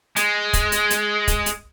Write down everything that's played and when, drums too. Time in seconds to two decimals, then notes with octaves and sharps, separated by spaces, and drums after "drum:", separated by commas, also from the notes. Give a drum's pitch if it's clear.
0.16 G#3, drum: hi-hat
0.53 drum: kick, hi-hat
0.72 drum: hi-hat
0.90 drum: hi-hat
1.28 drum: kick, hi-hat
1.46 drum: hi-hat